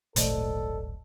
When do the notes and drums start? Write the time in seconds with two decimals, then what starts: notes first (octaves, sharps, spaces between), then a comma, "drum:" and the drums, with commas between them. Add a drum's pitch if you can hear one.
0.16 D1 G#1 A#2 A3 A4 C5 D5 D#5, drum: hi-hat